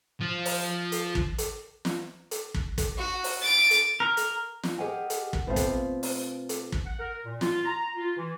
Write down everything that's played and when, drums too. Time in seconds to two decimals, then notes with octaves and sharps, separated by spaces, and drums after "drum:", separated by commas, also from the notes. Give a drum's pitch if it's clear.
0.21 F3 F4
0.45 drum: open hi-hat
0.92 drum: hi-hat
1.15 drum: kick
1.38 drum: hi-hat
1.85 drum: snare
2.31 drum: hi-hat
2.54 drum: kick
2.78 drum: kick, hi-hat
2.98 F#4
3.24 drum: open hi-hat
3.42 A6 D7
3.71 drum: hi-hat
4.00 A#4
4.17 drum: hi-hat
4.63 drum: snare
4.78 G4 G#4 A#4 D#5 F#5 G#5
5.10 drum: hi-hat
5.33 drum: kick
5.47 B2 A3 C4 F4 F5
5.56 drum: kick, hi-hat
6.03 drum: open hi-hat
6.49 drum: hi-hat
6.72 drum: kick
6.85 F#5
7.00 A#4
7.25 A#2
7.41 F4, drum: snare
7.65 A#5
7.96 F4
8.17 E3